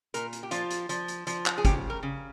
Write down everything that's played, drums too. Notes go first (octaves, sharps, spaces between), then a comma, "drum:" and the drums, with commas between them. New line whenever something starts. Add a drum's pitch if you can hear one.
A#2 A#4, drum: hi-hat
drum: hi-hat
G4
F3 F4, drum: hi-hat
drum: hi-hat
F3, drum: hi-hat
drum: hi-hat
F3, drum: hi-hat
drum: clap
G#4
C#3 G4, drum: kick, hi-hat
A#4
C#3